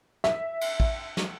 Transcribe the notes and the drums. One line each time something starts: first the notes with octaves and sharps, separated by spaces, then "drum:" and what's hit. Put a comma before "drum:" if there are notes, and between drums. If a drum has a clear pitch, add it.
E5, drum: snare
drum: cymbal
drum: kick
drum: snare